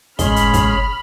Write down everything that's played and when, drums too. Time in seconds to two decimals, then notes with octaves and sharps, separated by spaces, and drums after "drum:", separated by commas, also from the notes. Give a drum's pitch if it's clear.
0.19 A2 G#3 C#4 G#4 B5 C6 F6, drum: kick, hi-hat
0.36 drum: hi-hat
0.54 drum: kick, hi-hat